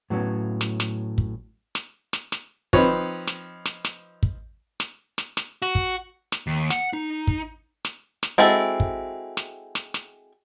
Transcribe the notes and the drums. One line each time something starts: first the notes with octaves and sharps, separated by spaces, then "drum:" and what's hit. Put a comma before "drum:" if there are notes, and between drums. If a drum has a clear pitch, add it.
A2 F#3 B3 C#4
drum: snare
drum: snare
drum: kick
drum: snare
drum: snare
drum: snare
F3 C4 D#4 B4 C#5, drum: kick
drum: snare
drum: snare
drum: snare
drum: kick
drum: snare
drum: snare
drum: snare
F#4
drum: kick
drum: snare
D#2
F#5, drum: snare
D#4
drum: kick
drum: snare
drum: snare
G#3 C4 E4 F#4 A4
drum: kick
drum: snare
drum: snare
drum: snare